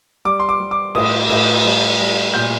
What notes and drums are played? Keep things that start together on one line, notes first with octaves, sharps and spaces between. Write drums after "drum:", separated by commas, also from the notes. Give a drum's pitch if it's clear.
G3 D6
C6
D6
G3
D6
A2 D#6, drum: cymbal
A2, drum: cymbal
G3
G3
A#2 G6